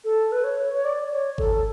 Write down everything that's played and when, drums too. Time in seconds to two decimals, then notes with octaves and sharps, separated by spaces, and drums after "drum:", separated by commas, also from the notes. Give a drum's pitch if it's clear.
0.05 A4
0.32 B4
0.44 C#5
0.74 C#5
0.85 D5
1.11 C#5
1.38 A4, drum: kick G1